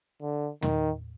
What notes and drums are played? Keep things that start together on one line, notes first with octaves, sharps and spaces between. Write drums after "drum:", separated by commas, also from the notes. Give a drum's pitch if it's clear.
D3
D#3, drum: tom